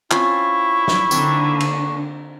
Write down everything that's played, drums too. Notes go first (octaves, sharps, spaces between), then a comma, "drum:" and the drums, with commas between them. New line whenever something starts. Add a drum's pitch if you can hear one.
C4 C#4 E4 F4 C#6, drum: clap
drum: snare
D3 A#3 C4 D4 D#4, drum: tambourine
drum: cymbal